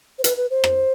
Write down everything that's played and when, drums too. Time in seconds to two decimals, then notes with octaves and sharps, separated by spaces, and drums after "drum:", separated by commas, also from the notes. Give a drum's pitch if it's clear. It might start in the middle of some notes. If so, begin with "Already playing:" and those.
0.19 C5
0.24 B4, drum: hi-hat
0.37 B4
0.50 C5
0.64 drum: rim click